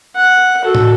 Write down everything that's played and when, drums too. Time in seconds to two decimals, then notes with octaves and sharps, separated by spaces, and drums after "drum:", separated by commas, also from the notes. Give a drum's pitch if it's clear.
0.16 F#5
0.62 F#4 A4
0.75 drum: tom